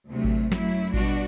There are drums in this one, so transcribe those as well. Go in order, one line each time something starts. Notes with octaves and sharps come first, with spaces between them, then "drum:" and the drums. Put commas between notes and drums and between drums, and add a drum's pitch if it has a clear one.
D2 C3 F#3 A3
drum: kick A1
F#2 F#3 A3 E4, drum: snare
B2 G3 D4 F#4, drum: kick A1